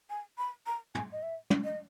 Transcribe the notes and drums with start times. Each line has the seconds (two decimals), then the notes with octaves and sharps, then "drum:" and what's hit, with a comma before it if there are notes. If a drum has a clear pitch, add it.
0.10 G#5
0.38 B5
0.66 A#5
0.95 G#5, drum: tom
1.12 D#5
1.23 E5
1.50 drum: tom
1.64 D#5